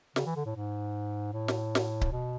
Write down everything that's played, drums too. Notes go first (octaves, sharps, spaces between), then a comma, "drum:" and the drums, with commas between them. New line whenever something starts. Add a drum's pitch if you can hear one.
C#3, drum: snare
E3
D3
A2
G#2
A2
drum: snare
drum: snare
drum: kick C#1
B2